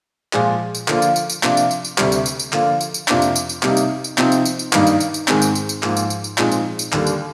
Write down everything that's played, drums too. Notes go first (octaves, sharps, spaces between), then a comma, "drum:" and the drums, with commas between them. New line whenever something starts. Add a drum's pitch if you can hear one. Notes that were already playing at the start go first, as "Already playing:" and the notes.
A#2 F3 G#3, drum: clap
drum: tambourine
D3 F3 A#3 F4, drum: clap
drum: tambourine
drum: tambourine
drum: tambourine
C3 F3 A#3 D4 F4, drum: clap
drum: tambourine
drum: tambourine
drum: tambourine
D2 C3 G3, drum: clap
drum: tambourine
drum: tambourine
drum: tambourine
D3 F3 A#3 F4, drum: clap
drum: tambourine
drum: tambourine
F2 C3 F3 A#3 D4, drum: clap
drum: tambourine
drum: tambourine
drum: tambourine
C3 G3 A#3 D#4, drum: clap
drum: tambourine
drum: tambourine
C3 F3 C4 D#4, drum: clap
drum: tambourine
drum: tambourine
drum: tambourine
G2 D#3 A#3 D#4, drum: clap
drum: tambourine
drum: tambourine
drum: tambourine
G#2 D#3 G#3 C4, drum: clap
drum: tambourine
drum: tambourine
drum: tambourine
G#2 F3 A#3, drum: clap
drum: tambourine
drum: tambourine
drum: tambourine
A#2 F3 G#3 C4 D#4, drum: clap
drum: tambourine
drum: tambourine
D#2 D3 G3 A#3, drum: clap
drum: tambourine